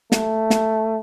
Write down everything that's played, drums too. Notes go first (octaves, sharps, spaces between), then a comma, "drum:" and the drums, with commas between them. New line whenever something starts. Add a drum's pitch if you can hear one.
A3, drum: snare
drum: snare